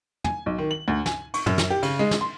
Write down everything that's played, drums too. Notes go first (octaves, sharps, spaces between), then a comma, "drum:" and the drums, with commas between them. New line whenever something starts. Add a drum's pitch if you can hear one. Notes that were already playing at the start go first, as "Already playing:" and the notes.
G#5, drum: tom
B1
D#3
F#7
D2
G#5, drum: snare
C#6, drum: cymbal
F#2, drum: tom
drum: snare
G4
C#3, drum: cymbal
G#3
drum: snare
C6